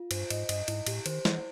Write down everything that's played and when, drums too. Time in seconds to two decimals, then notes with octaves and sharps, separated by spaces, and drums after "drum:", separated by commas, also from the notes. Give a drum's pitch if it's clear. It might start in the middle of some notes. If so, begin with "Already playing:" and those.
Already playing: F4
0.11 G2 C5, drum: cymbal
0.30 G#2 D#5, drum: cymbal
0.49 G2 D#5, drum: cymbal
0.68 G#2 E4, drum: cymbal
0.87 A2 G4, drum: cymbal
1.06 D#3 C5, drum: cymbal
1.25 E3 E4, drum: snare